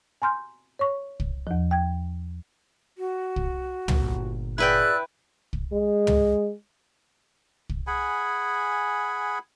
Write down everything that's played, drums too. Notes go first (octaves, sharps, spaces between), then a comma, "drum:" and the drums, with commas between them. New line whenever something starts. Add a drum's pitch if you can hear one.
G#5 A#5 C6 F6 G6
C#5 C#6
drum: kick
E2 F3
G5 G#6
F#4
drum: kick
G1 A#2, drum: tom
E4 G#4 B4 D5 G5 E6 F#6
drum: kick
G#3
drum: tom
drum: kick
G#4 F#5 G#5 B5